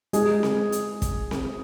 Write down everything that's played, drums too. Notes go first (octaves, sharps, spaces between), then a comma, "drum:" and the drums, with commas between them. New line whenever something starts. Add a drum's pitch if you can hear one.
G#3 G#4, drum: hi-hat
drum: snare C4
drum: hi-hat
drum: kick, hi-hat
drum: snare C4